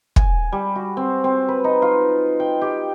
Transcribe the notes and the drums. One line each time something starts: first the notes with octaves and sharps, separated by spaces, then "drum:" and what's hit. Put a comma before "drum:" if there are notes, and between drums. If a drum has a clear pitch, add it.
G#5, drum: kick
G3
F#4
C4
C4
B4
D#4
F4
G5
G4